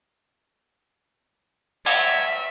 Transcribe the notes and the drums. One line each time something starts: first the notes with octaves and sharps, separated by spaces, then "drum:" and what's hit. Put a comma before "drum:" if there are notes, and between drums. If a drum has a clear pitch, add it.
E5 G#6, drum: cymbal